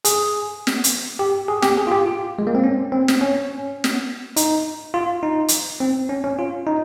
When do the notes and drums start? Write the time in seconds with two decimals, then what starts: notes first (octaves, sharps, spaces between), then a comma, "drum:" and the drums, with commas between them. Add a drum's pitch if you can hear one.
0.05 G#4, drum: hi-hat
0.67 drum: snare
0.84 drum: hi-hat
1.19 G4
1.48 G#4
1.62 G4, drum: snare
1.77 G#4
1.87 F4
1.92 G4
2.06 F4
2.39 G#3
2.47 A#3
2.55 C4
2.64 C#4
2.92 C4
3.08 drum: snare
3.21 C#4
3.84 drum: snare
4.36 D#4, drum: hi-hat
4.94 F4
5.23 D#4
5.48 drum: hi-hat
5.80 C4
6.09 C#4
6.24 C#4
6.39 F4
6.67 D#4